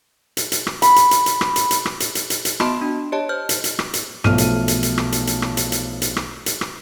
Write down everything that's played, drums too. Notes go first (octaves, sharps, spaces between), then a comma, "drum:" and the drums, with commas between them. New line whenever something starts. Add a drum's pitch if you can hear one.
drum: hi-hat
drum: hi-hat
drum: rim click
B5, drum: hi-hat
drum: hi-hat
drum: hi-hat
drum: hi-hat
drum: rim click
drum: hi-hat
drum: hi-hat
drum: rim click
drum: hi-hat
drum: hi-hat
drum: hi-hat
drum: hi-hat
B3 F#4 D#5 A5 B5 C6, drum: rim click
D4
G4 C#5 D#5 A5
C5 F6 G6
drum: hi-hat
drum: hi-hat
drum: rim click
drum: hi-hat
B1 F3 A3 F6 D#7, drum: rim click
drum: hi-hat
drum: hi-hat
drum: hi-hat
drum: rim click
drum: hi-hat
drum: hi-hat
drum: rim click
drum: hi-hat
drum: hi-hat
drum: hi-hat
drum: rim click
drum: hi-hat
drum: rim click